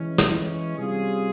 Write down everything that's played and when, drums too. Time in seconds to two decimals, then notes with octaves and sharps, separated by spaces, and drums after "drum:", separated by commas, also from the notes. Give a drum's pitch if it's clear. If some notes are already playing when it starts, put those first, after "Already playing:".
Already playing: E3 G#3 C#4
0.18 drum: snare
0.78 C3 G3 C#4 F4 G#4